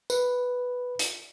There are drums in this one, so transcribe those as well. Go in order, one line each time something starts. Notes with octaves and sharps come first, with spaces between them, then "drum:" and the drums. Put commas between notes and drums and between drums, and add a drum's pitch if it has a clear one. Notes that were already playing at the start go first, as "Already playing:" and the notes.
B4, drum: tambourine
drum: hi-hat